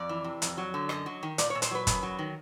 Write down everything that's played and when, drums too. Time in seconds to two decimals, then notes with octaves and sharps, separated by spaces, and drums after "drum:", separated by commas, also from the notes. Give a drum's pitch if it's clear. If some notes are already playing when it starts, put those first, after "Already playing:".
Already playing: F2 D5
0.09 E3
0.24 C3
0.42 F2, drum: hi-hat
0.57 F#3
0.74 D3
0.89 F#2 D#5, drum: rim click
1.06 F#3
1.23 D#3
1.38 A#2 D5, drum: hi-hat
1.50 C#5
1.55 A#2
1.62 C5, drum: hi-hat
1.71 F#3 B4
1.87 F#2, drum: kick, hi-hat
2.02 F#3
2.19 D#3